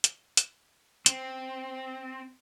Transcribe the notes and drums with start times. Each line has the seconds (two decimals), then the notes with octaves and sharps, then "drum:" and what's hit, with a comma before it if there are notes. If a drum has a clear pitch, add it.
0.04 drum: hi-hat
0.37 drum: hi-hat
1.06 C4, drum: hi-hat